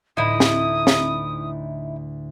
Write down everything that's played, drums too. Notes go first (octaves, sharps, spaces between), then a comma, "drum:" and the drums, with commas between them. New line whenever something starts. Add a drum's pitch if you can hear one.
D2 A2 D#4 E4 D#6
drum: snare
drum: snare